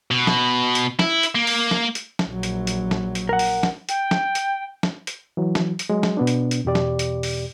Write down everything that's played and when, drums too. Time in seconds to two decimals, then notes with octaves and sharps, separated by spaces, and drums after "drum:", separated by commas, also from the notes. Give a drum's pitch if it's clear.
0.11 B2
0.27 drum: snare
0.75 drum: hi-hat
0.99 E4, drum: snare
1.23 drum: hi-hat
1.35 A#3
1.47 drum: open hi-hat
1.71 drum: snare
1.95 drum: hi-hat
2.19 drum: snare
2.29 A#1 F#3
2.43 drum: hi-hat
2.67 drum: hi-hat
2.91 drum: snare
3.15 drum: hi-hat
3.29 A#4 F#5
3.39 drum: open hi-hat
3.63 drum: snare
3.89 G5, drum: hi-hat
4.11 drum: snare
4.35 drum: hi-hat
4.83 drum: snare
5.07 drum: hi-hat
5.37 E3 F#3
5.55 drum: snare
5.79 drum: hi-hat
5.90 F#3 G#3
6.03 drum: snare
6.17 B2 B3 D4
6.27 drum: hi-hat
6.51 drum: hi-hat
6.65 E2 B2 G4 D5
6.75 drum: snare
6.99 drum: hi-hat
7.23 drum: open hi-hat